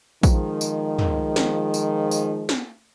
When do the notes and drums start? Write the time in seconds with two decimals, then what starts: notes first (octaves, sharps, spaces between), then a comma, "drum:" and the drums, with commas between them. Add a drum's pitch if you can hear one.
0.23 D#3 F3 G#3, drum: kick A#1, tambourine
0.61 drum: tambourine
0.99 drum: tom
1.36 drum: snare
1.74 drum: tambourine
2.11 drum: tambourine
2.49 drum: snare